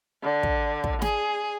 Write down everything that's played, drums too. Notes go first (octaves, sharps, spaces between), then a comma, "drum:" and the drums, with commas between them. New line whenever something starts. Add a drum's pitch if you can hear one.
D3
drum: kick
drum: kick
G#4, drum: snare